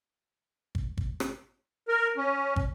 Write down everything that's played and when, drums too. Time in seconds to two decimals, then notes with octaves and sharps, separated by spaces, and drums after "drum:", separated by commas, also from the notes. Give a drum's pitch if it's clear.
0.75 drum: kick
0.97 drum: kick
1.20 drum: rim click
1.88 A#4
2.17 C#4
2.56 drum: kick